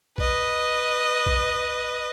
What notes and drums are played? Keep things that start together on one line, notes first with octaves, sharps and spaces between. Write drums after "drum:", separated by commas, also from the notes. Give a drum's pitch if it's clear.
B4 D#5, drum: kick A#1
drum: kick A#1